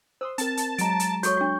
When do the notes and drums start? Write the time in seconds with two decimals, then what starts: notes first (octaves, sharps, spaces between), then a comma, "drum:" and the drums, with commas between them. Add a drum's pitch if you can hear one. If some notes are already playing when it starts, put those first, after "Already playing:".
0.21 C5 C6 D#6 E6
0.38 C4 A#4 A5, drum: hi-hat
0.57 drum: hi-hat
0.78 F#3 G#3 A#5 D7, drum: hi-hat
1.00 drum: hi-hat
1.23 F#4 A4 C#5 C#6 G6, drum: hi-hat
1.37 D4 F#4